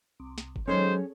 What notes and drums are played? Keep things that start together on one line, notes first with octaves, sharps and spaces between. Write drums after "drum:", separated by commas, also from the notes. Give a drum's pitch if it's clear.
C2
drum: snare
drum: kick G1
D#3 F#3 G#3 C#4 G#4 A4 C5 C#5